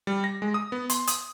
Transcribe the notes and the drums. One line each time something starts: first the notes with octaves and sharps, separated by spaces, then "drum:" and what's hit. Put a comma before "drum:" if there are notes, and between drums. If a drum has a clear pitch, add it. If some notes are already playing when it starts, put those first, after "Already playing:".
G3
A#6
G#3
D#6
B3
C6, drum: hi-hat
D#6, drum: hi-hat